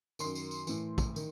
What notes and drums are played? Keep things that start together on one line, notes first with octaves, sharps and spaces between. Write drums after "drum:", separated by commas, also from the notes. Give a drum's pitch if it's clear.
F#2 D#3 C6, drum: tambourine
drum: tambourine
drum: tambourine
A2 E3, drum: tambourine
drum: kick, tambourine
D#3, drum: tambourine